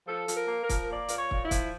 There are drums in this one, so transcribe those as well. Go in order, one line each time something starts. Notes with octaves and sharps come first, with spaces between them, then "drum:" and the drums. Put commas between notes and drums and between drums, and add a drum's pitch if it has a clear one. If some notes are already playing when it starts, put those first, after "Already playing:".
F3 A4
F3, drum: hi-hat
A#4
A#3
A#4
F3, drum: kick, hi-hat
A#3 D5
A#2 A#4, drum: hi-hat
C#5
A#2, drum: kick
E4
F3, drum: kick, hi-hat